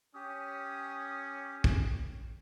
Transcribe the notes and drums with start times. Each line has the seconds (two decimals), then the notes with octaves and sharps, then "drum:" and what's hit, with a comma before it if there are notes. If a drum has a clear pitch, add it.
0.15 C#4 G4 D#6
1.64 drum: kick